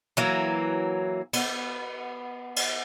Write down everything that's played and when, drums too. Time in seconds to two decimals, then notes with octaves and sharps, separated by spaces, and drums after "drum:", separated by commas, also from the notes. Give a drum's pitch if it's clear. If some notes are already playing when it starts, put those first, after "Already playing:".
0.17 E3 F#3 A#3
1.33 B3, drum: cymbal
2.56 drum: cymbal